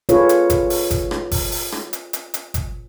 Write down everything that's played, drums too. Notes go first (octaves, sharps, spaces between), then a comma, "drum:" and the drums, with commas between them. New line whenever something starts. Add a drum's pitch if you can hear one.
F4 G#4 A4 B4 C#5, drum: hi-hat
drum: hi-hat
drum: kick G1, hi-hat
drum: open hi-hat
drum: kick G1, hi-hat
drum: rim click
drum: kick G1, open hi-hat
drum: open hi-hat
drum: rim click
drum: hi-hat
drum: hi-hat
drum: hi-hat
drum: kick G1, hi-hat